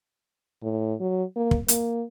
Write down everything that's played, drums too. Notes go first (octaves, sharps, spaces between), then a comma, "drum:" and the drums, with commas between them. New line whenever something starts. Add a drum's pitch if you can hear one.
A2
F#3
A#3
drum: kick
A#3, drum: hi-hat